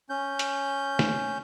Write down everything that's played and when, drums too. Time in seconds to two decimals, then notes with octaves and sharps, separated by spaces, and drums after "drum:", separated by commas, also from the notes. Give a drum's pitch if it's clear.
0.09 C#4 G6
0.39 drum: hi-hat
0.99 drum: snare